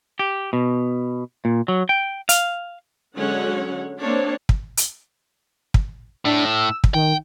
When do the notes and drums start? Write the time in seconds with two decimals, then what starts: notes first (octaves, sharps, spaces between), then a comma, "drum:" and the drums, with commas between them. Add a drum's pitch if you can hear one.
0.19 G4
0.53 B2
1.45 A#2
1.68 F#3
1.89 G5
2.29 F5, drum: hi-hat
3.17 D3 F#3 G#3 C#4 C#5 F#5
3.99 A#3 C4 D4 C#5
4.49 drum: kick
4.77 drum: hi-hat
5.74 drum: kick
6.25 A2 D4
6.45 E6
6.84 drum: kick
6.94 D#3 G5